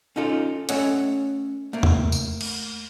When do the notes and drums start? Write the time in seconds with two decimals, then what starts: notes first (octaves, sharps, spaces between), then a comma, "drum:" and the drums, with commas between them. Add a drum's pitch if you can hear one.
0.16 C#4 D#4 F4 A4
0.69 A3 C#4 A4 C#5 D#5 F#5, drum: hi-hat
1.73 A3 A#3
1.83 drum: tom E2
2.12 drum: tambourine
2.41 drum: cymbal